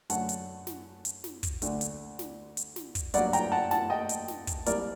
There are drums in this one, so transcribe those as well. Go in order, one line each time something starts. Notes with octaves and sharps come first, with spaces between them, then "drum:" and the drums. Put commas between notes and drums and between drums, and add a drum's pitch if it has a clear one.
F#2 D3 F#3 A3 F#5 A5, drum: hi-hat
drum: hi-hat
drum: snare
drum: hi-hat
drum: snare
drum: kick, hi-hat
D2 D3 A3, drum: hi-hat
drum: hi-hat
drum: snare
drum: hi-hat
drum: snare
drum: kick, hi-hat
G2 F#3 A#3 D5 F#5, drum: hi-hat
G5 A#5, drum: hi-hat
F#5 A5
F#5 A5, drum: snare
D#5 G5
drum: hi-hat
drum: snare
drum: kick, hi-hat
C2 C3 G3 A#3 A#4 D5, drum: hi-hat